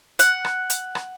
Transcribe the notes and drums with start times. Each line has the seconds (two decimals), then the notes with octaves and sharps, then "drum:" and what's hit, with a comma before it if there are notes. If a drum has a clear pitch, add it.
0.19 F#5, drum: hi-hat
0.45 drum: rim click
0.70 drum: hi-hat
0.95 drum: rim click